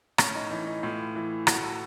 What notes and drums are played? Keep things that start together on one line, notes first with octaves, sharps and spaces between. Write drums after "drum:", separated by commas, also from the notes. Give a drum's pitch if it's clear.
A2 C#4, drum: rim click
D#4
E3 D#4
D#4
A2 F4
E3
A2 F#4, drum: rim click
A4